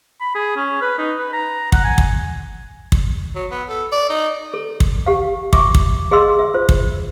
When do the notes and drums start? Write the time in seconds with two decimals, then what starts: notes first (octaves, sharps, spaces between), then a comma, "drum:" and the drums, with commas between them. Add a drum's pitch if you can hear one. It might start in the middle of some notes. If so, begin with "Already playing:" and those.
0.21 B5
0.35 G#4
0.56 C#4
0.81 B4
0.98 D#4
1.17 B4
1.33 A#5
1.72 F#5, drum: kick
1.84 G#5
1.98 drum: kick
2.92 drum: kick
3.35 F#3
3.51 B3
3.69 A4
3.92 D5
4.10 D#4
4.54 A4
4.80 drum: kick
5.06 G4 F5
5.53 E5 C#6 D6, drum: kick
5.75 drum: kick
6.11 G#4 D#5 F5 C6 E6
6.39 E5
6.54 F4 C5
6.69 drum: kick